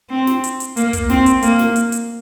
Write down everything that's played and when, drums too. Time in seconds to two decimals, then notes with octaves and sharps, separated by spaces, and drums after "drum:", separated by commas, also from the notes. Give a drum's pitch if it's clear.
0.10 C4
0.27 drum: snare
0.44 drum: hi-hat
0.60 drum: hi-hat
0.77 A#3, drum: hi-hat
0.93 drum: kick, hi-hat
1.09 C4, drum: snare
1.26 drum: hi-hat
1.42 A#3, drum: hi-hat
1.59 drum: snare
1.76 drum: hi-hat
1.92 drum: hi-hat